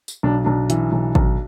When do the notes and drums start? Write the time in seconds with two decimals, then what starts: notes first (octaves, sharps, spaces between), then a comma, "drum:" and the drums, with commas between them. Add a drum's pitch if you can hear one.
0.08 drum: tambourine
0.23 B1 D4
0.44 B1 D4
0.70 E3, drum: hi-hat
0.92 B1
1.15 B1, drum: kick G#1